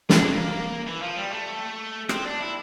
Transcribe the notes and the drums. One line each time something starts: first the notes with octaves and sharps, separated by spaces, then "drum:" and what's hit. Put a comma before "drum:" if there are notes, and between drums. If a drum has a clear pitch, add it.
D4, drum: snare
A#3
E3
F3
G3
A3
C4, drum: rim click
D4
E4